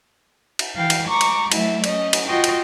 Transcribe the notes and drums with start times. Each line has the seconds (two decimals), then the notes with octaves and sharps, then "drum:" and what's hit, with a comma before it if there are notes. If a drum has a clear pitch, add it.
0.59 drum: cymbal
0.75 E3 F5 G5
0.90 drum: cymbal
1.07 A#5 C#6 D6
1.21 drum: cymbal
1.52 F#3 A3 E4 E5, drum: cymbal
1.84 C#4 D#5, drum: cymbal
2.13 drum: cymbal
2.27 F4 F#4 D#5 G5 C6 C#6
2.44 drum: cymbal